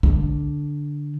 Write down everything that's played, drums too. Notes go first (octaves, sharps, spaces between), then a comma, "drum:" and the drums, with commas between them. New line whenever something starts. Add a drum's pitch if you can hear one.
D3, drum: kick